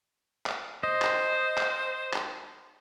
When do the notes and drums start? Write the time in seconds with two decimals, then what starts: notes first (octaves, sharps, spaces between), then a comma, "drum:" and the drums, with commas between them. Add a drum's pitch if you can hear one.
0.46 drum: clap
0.83 C5 D#5
1.02 drum: clap
1.58 drum: clap
2.14 drum: clap